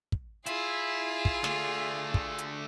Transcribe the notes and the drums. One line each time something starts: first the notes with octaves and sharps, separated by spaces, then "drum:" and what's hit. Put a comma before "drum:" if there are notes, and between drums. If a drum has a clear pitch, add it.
drum: kick
E4 F4 G#4, drum: hi-hat
drum: kick
D3 A3, drum: snare
drum: kick
drum: hi-hat